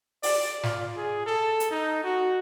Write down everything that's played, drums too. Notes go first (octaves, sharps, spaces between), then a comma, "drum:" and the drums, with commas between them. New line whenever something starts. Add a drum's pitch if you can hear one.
D5, drum: open hi-hat
F4, drum: snare
G#4
A4
drum: hi-hat
D#4
F#4